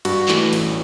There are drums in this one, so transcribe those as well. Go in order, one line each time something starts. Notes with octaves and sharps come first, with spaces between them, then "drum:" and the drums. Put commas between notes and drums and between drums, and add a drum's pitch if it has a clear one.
G2 F#4, drum: cymbal
E3 A3, drum: clap
A1, drum: cymbal